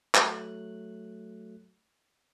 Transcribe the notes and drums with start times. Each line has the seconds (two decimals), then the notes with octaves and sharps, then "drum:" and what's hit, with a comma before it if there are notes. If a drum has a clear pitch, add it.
0.15 F#3 A3 F#6, drum: clap